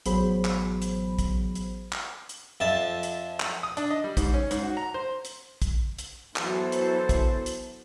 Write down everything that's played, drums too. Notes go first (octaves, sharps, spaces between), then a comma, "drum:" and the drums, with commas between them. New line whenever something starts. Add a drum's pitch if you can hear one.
A1 F#3 B3 G#4 C5 B5, drum: hi-hat
drum: clap
drum: hi-hat
drum: kick, hi-hat
drum: hi-hat
drum: clap
drum: hi-hat
F2 E5 A5
drum: hi-hat
drum: clap
D#6
D4, drum: hi-hat
D#5
G3
G#2, drum: kick, hi-hat
C#4
G#2, drum: hi-hat
F#4
A#5
C5
drum: hi-hat
drum: kick, hi-hat
drum: hi-hat
E3 F#3 B3 A4 C5, drum: clap
drum: hi-hat
drum: kick, hi-hat
drum: hi-hat